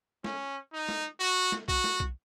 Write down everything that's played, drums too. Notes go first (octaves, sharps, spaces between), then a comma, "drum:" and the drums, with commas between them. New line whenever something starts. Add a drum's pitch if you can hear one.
C#4, drum: snare
D#4
drum: snare
F#4
drum: snare
F#4, drum: kick B1
drum: snare
drum: kick B1